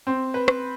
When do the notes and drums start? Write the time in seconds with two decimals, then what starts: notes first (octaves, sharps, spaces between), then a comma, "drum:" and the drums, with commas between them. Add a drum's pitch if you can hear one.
0.07 C4
0.34 B4
0.48 drum: rim click